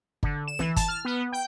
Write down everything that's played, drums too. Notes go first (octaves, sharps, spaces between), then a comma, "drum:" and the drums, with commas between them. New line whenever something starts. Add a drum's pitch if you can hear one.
D3, drum: kick G1
E7
E3, drum: snare
A5, drum: kick G1, hi-hat
F6
B3
G5